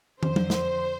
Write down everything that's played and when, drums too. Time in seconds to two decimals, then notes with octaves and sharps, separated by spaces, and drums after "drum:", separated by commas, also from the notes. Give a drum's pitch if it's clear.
0.23 F2 D3 F3 C5, drum: tom
0.36 drum: tom F#3
0.50 drum: snare